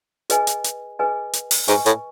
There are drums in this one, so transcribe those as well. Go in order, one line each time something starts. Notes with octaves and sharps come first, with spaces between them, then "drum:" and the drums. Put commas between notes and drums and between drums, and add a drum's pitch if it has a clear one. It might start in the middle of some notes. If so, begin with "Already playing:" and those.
G#4 B4 D#5 G#5, drum: hi-hat
drum: hi-hat
drum: hi-hat
G#4 B4 D#5 G#5
drum: hi-hat
drum: open hi-hat
G#2 B4 D#5 G#5 C#6, drum: hi-hat
A2, drum: hi-hat